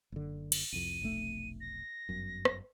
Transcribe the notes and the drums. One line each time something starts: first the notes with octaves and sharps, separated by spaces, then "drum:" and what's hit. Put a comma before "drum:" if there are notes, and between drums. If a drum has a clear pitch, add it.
F#1 D3
drum: cymbal
C2 F2 D#7
F1 B1 A3
A#6
G1 F#2
drum: rim click